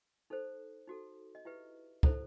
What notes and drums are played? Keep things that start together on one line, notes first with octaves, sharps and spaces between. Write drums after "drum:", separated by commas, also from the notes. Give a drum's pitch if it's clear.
D#4 A4 C5
D#4 F#4 A4
D#5
E4 G4 B4 E5
E4 A4 C5, drum: kick